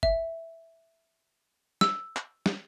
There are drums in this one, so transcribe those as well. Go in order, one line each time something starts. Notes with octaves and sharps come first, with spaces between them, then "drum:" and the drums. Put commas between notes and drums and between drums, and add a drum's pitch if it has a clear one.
E5, drum: kick
E6, drum: snare
drum: clap
drum: snare